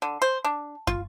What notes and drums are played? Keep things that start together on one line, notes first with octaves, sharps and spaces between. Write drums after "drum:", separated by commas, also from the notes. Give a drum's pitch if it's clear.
D3
C5
D4
F4, drum: kick